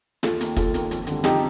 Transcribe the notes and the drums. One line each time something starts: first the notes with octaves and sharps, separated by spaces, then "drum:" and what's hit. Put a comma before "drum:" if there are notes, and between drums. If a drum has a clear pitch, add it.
D#2 F4 A4, drum: snare
D#3 A#3, drum: hi-hat
D#2 F4 A4, drum: kick, hi-hat
D#3 A#3, drum: hi-hat
F2, drum: hi-hat
D3 G3, drum: hi-hat
F2 D#4 G4, drum: snare